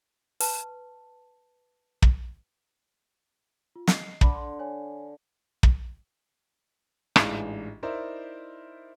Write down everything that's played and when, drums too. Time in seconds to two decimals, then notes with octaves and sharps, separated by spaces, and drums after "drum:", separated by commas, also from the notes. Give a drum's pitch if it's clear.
0.40 B4 A5, drum: open hi-hat
2.02 drum: kick
3.76 F4
3.87 D#5 C7, drum: snare
4.21 D3 B5 D6, drum: kick
4.35 C6
4.59 C#5 G#5
5.63 drum: kick
7.16 A1 G#2 E3 G#3 D4 F5, drum: rim click
7.83 D#4 E4 A#4 C5 D5 E5